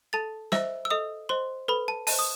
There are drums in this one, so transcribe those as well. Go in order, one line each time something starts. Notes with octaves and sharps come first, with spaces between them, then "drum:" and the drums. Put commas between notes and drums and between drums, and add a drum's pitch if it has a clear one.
A4 A5 A6
C5 D#5 E5 E6, drum: snare
E6
A4 D#5 D#6
C5 D#5 C6
A4 B4 B5
A5
C5 D#5 A5, drum: open hi-hat
D#6